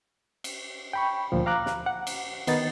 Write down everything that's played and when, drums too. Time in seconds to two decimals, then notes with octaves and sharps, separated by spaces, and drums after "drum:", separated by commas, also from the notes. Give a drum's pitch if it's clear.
0.44 drum: cymbal
0.93 G5 B5 C#6
1.32 D2 A#2 F3
1.46 F5 A#5 D6 F#6
1.66 drum: snare
1.86 F#5
2.07 drum: cymbal
2.47 D#3 B3 D#4 A6, drum: cymbal